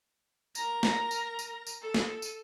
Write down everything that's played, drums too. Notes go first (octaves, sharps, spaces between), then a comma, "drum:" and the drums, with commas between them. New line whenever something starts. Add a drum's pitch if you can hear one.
A#4 A#5, drum: tambourine
drum: snare
drum: tambourine
drum: tambourine
drum: tambourine
A4
drum: snare
drum: tambourine